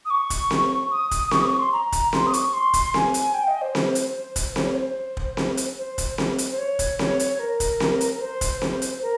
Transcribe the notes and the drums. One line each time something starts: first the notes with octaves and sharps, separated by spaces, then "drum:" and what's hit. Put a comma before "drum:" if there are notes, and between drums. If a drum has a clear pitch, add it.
D#6
C#6
drum: kick, hi-hat
drum: snare C4
D#6
drum: kick, hi-hat
D#6
C#6, drum: snare C4
D#6
C#6
C6
A#5
drum: kick, hi-hat
C6, drum: snare C4
D#6
C#6, drum: hi-hat
C6
drum: kick, hi-hat
G#5, drum: snare C4
drum: hi-hat
G5
D#5
C5
C5, drum: snare C4
drum: hi-hat
drum: kick, hi-hat
C5, drum: snare C4
C#5
C5
drum: kick
drum: snare C4
drum: hi-hat
C5
drum: kick, hi-hat
drum: snare C4
drum: hi-hat
C5
C#5
drum: kick, hi-hat
C#5, drum: snare C4
drum: hi-hat
A#4
drum: kick, hi-hat
drum: snare C4
drum: hi-hat
A#4
C5
drum: kick, hi-hat
C5, drum: snare C4
drum: hi-hat
A#4